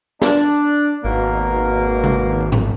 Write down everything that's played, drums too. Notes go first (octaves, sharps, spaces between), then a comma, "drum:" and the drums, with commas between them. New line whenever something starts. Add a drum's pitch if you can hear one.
D4, drum: snare
G#1 B2 A#3
drum: tom C3
drum: tom G#2